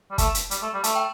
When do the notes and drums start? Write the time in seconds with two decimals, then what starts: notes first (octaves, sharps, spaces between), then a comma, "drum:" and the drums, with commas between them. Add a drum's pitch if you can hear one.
0.11 G3
0.18 A3 A5, drum: kick, hi-hat
0.35 drum: hi-hat
0.51 G3, drum: hi-hat
0.62 A3
0.74 G3
0.84 A3 A5, drum: hi-hat
0.95 G5